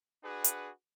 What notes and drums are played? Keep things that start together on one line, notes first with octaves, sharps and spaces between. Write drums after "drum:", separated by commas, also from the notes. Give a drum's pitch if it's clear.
D4 F#4 G#4 B4 F#5
drum: hi-hat